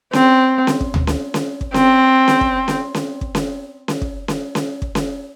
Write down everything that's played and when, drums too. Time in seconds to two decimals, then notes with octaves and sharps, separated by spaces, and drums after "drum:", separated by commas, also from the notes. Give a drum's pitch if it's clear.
0.13 C4, drum: snare C#4
0.67 drum: snare C#4
0.81 drum: kick
0.94 drum: tom D2
1.07 drum: snare C#4
1.34 drum: snare C#4
1.61 drum: kick
1.74 C4, drum: snare C#4
2.28 drum: snare C#4
2.41 drum: kick
2.68 drum: snare C#4
2.94 drum: snare C#4
3.21 drum: kick
3.35 drum: snare C#4
3.88 drum: snare C#4
4.01 drum: kick
4.28 drum: snare C#4
4.55 drum: snare C#4
4.82 drum: kick
4.95 drum: snare C#4